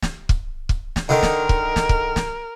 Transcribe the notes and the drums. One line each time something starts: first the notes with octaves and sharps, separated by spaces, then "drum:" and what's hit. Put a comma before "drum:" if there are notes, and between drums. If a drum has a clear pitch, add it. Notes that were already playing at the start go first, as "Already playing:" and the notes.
drum: snare
drum: kick
drum: kick
drum: snare
D3 D#3 A#4
drum: snare
drum: kick
drum: snare
drum: kick
drum: snare